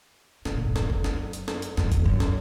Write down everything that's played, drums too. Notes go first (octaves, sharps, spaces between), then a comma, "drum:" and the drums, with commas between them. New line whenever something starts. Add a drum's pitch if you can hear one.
B2, drum: snare
A#2
G2
F#2, drum: snare
drum: kick
drum: snare
drum: hi-hat
drum: snare
drum: hi-hat
F#2, drum: snare
E2, drum: kick, hi-hat
F#2
drum: snare